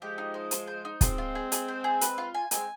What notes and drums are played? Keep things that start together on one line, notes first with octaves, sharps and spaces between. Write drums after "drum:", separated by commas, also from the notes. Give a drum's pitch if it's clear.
F3 G#3 G4
D#4
C5
C5, drum: hi-hat
C5
D#4
G#3 C4 F4, drum: kick, hi-hat
F4
G#4
G#4, drum: hi-hat
C5
G#4
B4, drum: hi-hat
F4
G#5
G#3 C4 G#5, drum: hi-hat